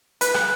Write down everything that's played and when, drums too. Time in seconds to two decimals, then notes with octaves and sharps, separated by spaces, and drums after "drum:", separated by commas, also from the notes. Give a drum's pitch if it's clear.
0.21 B4, drum: hi-hat
0.34 drum: rim click